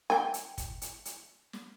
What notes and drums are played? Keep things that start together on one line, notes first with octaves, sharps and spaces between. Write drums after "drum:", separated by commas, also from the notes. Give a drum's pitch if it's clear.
G5 G#5, drum: snare
drum: hi-hat
drum: kick, hi-hat
drum: hi-hat
drum: hi-hat
drum: snare